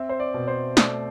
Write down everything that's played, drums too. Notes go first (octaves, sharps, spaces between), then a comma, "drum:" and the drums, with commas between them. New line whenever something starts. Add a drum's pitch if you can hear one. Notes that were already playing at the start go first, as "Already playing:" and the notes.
Already playing: C4 E5
C5
D5
B2
C5
A3 D5, drum: snare